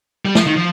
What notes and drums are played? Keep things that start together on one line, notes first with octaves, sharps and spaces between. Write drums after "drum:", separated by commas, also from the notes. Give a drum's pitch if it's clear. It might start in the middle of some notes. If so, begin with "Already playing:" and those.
G3
F3, drum: snare
D#3
F3